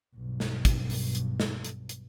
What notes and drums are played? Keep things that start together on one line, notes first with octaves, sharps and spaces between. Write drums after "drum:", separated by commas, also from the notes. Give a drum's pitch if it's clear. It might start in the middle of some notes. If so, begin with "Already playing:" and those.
B1 G2
drum: snare
drum: kick, hi-hat
drum: open hi-hat
drum: hi-hat
drum: snare
drum: hi-hat
drum: hi-hat